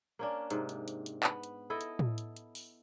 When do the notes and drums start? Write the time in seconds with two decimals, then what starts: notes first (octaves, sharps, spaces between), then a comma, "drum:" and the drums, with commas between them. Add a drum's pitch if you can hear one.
0.19 A#3 C#4 D4
0.50 G#2 C3, drum: hi-hat
0.69 drum: hi-hat
0.88 drum: hi-hat
1.06 drum: hi-hat
1.23 B3, drum: clap
1.43 drum: hi-hat
1.70 E4 A4 D#5
1.81 drum: hi-hat
1.99 drum: tom A2
2.18 drum: hi-hat
2.37 drum: hi-hat
2.55 drum: open hi-hat